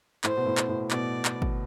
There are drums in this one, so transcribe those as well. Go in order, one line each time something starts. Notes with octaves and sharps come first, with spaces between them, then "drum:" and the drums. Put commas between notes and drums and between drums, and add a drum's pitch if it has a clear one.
A2 C5, drum: clap
B2
A2
drum: clap
A2
B2 D5, drum: clap
drum: clap
drum: kick